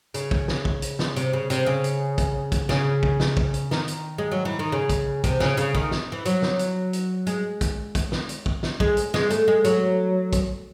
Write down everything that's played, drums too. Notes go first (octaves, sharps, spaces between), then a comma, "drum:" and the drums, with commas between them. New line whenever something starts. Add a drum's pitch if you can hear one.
C#3, drum: hi-hat
drum: kick
drum: snare
drum: kick
drum: hi-hat
drum: snare
C3, drum: hi-hat
C#3
C3, drum: hi-hat
C#3
drum: hi-hat
drum: kick, hi-hat
drum: kick, hi-hat
C#3, drum: snare
drum: kick
drum: snare
drum: kick
drum: hi-hat
D#3, drum: snare
drum: hi-hat
G#3
F#3
E3
D#3
C#3
drum: kick, hi-hat
C3, drum: kick, hi-hat
C#3, drum: snare
C#3, drum: hi-hat
D#3, drum: kick
drum: snare
E3
F#3, drum: hi-hat
drum: snare
drum: hi-hat
drum: hi-hat
G#3, drum: hi-hat
drum: kick, hi-hat
drum: kick, hi-hat
drum: snare
drum: hi-hat
drum: kick
drum: snare
G#3, drum: kick
drum: hi-hat
G#3, drum: snare
A3, drum: hi-hat
G#3
F#3, drum: hi-hat
drum: kick, hi-hat